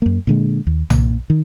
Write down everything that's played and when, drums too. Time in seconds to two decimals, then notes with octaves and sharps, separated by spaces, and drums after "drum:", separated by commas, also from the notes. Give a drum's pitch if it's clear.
0.02 F#2 A#3
0.27 A#2 D3 G#3
0.67 D#2
0.90 A#2, drum: tom B1
1.30 D#3